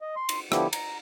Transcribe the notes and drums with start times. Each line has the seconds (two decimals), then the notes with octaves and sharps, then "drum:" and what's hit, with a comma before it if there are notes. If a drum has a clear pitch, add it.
0.01 D#5
0.16 C6
0.29 drum: cymbal
0.52 D3 F3 B3 E4 G4, drum: rim click
0.73 A#5, drum: cymbal